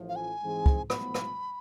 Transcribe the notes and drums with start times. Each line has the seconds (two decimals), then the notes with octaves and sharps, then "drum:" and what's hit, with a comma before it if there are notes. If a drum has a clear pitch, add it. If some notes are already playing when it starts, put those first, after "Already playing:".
Already playing: A1 A2 F3
0.09 F5
0.17 G#5
0.42 G#2 E3 G#3 C4 G#4
0.66 drum: kick
0.90 B1 A2 F3 B3 B5, drum: rim click
1.14 drum: rim click